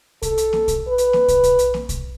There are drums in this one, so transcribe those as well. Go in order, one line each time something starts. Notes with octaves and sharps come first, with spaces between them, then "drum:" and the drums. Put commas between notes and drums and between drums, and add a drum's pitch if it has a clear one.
A4, drum: kick, hi-hat
drum: hi-hat
drum: snare A#3
drum: kick, hi-hat
B4
drum: hi-hat
drum: snare A#3
drum: kick, hi-hat
drum: kick, hi-hat
drum: hi-hat
drum: snare A#3
drum: kick, hi-hat